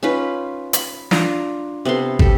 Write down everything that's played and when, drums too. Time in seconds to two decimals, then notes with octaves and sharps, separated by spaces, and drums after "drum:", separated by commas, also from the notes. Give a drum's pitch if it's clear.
0.03 C#4 D#4 F4 B4
0.73 B5, drum: hi-hat
1.11 D4 F4 A#5, drum: snare
1.85 C3 B3 A4 C6
2.19 G4 A4, drum: kick